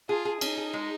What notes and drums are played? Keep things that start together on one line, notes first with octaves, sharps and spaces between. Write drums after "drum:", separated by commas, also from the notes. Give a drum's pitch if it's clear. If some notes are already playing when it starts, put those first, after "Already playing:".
F4 G#4
G#4
C#4 D#4, drum: cymbal
G#4
G#3